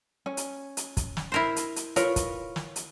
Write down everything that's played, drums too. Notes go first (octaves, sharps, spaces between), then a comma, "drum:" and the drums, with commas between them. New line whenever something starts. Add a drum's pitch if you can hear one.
C#4
drum: hi-hat
drum: hi-hat
drum: kick, hi-hat
drum: snare
E4 A#4 C5
drum: hi-hat
drum: hi-hat
F4 A#4 B4 C#5, drum: hi-hat
drum: kick, hi-hat
drum: snare
drum: hi-hat